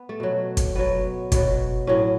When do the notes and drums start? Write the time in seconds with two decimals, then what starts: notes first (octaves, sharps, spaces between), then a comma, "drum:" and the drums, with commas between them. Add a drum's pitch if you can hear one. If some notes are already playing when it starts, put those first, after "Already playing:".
Already playing: B3
0.09 A3
0.20 B2 F#3
0.57 drum: kick, hi-hat
0.75 B2 F#3 B3
1.32 B2 F#3, drum: kick, hi-hat
1.87 A2 F#3 C#4